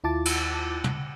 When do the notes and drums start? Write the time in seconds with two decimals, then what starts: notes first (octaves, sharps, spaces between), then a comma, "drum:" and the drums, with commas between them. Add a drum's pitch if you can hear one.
0.04 D#2 E4 F4 A5 D6 A6
0.25 drum: cymbal
0.84 drum: tom